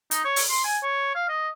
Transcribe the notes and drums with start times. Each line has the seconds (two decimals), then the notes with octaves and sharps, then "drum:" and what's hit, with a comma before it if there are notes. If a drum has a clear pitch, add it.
0.11 D#4, drum: hi-hat
0.25 C#5
0.36 drum: open hi-hat
0.50 C6
0.65 G#5
0.83 C#5
1.15 F5
1.29 D#5